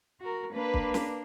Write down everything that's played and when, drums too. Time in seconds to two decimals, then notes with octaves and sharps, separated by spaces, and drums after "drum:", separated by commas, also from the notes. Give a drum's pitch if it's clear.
0.21 F#4 A#4
0.53 A#3 D4 B4
0.74 drum: kick
0.94 drum: snare